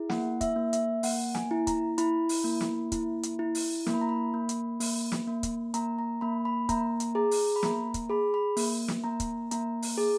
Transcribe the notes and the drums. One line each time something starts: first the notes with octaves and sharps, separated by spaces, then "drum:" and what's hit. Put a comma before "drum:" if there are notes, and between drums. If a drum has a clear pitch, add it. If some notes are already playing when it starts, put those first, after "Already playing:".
Already playing: E4 G#4
A#3 F#5, drum: snare
E5, drum: kick, hi-hat
A#3
E5, drum: hi-hat
A#3 F#5, drum: open hi-hat
G#5, drum: snare
E4
A#5, drum: kick, hi-hat
E4 B5, drum: hi-hat
drum: open hi-hat
A#3
drum: snare
E4, drum: kick, hi-hat
drum: hi-hat
E4
drum: open hi-hat
A#3, drum: snare
B5
A#5
B5
A#3
drum: hi-hat
A#3, drum: open hi-hat
drum: snare
A#3
drum: kick, hi-hat
A#3 A#5, drum: hi-hat
A#5
A#3 B5
B5
A#3 A#5, drum: kick, hi-hat
drum: hi-hat
G#4 A#5
drum: open hi-hat
B5
A#3 A#5, drum: snare
drum: kick, hi-hat
G#4 B5
B5
A#3, drum: open hi-hat
drum: snare
A#3 A#5
drum: kick, hi-hat
A#3 A#5, drum: hi-hat
drum: open hi-hat
G#4